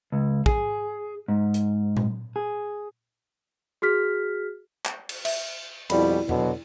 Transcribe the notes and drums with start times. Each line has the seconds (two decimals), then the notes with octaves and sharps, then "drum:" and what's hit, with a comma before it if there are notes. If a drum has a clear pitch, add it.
0.12 C#2
0.46 G#4, drum: kick
1.28 G#2
1.54 drum: hi-hat
1.97 drum: tom A#2
2.36 G#4
3.82 F#4 G#4 F6 B6
4.85 drum: clap
5.09 drum: cymbal
5.25 E5, drum: cymbal
5.90 F2 B2 G3 E4 D5 B5, drum: cymbal
6.29 B2 D3 F#3, drum: tom E2